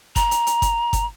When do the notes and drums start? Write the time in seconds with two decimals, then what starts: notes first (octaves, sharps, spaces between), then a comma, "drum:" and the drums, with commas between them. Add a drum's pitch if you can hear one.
0.16 A#5, drum: kick G1, hi-hat
0.31 drum: hi-hat
0.47 drum: hi-hat
0.62 drum: kick G1, hi-hat
0.93 drum: kick G1, hi-hat